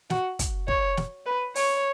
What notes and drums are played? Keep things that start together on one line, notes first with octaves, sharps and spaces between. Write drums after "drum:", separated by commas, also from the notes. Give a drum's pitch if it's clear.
F#4, drum: snare
drum: kick, hi-hat
C#5, drum: kick
drum: snare
B4
C#5, drum: open hi-hat